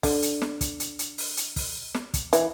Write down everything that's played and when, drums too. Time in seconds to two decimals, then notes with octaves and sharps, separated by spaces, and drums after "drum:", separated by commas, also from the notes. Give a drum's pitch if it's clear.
0.03 D3, drum: kick, open hi-hat
0.22 drum: hi-hat
0.42 drum: snare
0.61 drum: kick, hi-hat
0.80 drum: hi-hat
0.99 drum: hi-hat
1.18 drum: open hi-hat
1.37 drum: hi-hat
1.56 drum: kick, open hi-hat
1.94 drum: snare
2.14 drum: kick, hi-hat
2.33 E3, drum: hi-hat